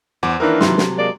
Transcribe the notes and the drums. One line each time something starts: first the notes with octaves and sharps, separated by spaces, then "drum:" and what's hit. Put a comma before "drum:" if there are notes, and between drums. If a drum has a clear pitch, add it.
E2 C5 F#5 D6
D#3 E3 A#3 D4 A#4
C3 F#3 A4 C6, drum: snare
drum: snare
G#3 A#3 D5